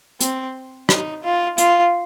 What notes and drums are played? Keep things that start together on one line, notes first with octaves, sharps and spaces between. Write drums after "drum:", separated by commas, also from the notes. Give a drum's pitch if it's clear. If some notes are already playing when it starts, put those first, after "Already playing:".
C4, drum: hi-hat
D#4, drum: rim click
F4
F4, drum: hi-hat